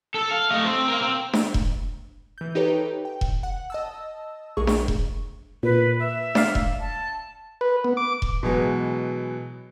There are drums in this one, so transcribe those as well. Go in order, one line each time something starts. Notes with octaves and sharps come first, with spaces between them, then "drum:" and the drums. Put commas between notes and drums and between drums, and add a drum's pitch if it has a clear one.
A4
F5
A3 D#5
C4
A#4 F5
C4
drum: snare D4
drum: kick E1
E3 G6
D#4 G4 A4 B4 C#5
G5
drum: kick E1
F#5
D#5 A5 E6
A#1 G#3 G#4 C#6
drum: snare D4
drum: kick E1
A#2 B4
E5
D5 F5, drum: snare D4
drum: kick E1
A5
B4
B3
D6
drum: kick E1
B2 E3 F#3 G#3 B3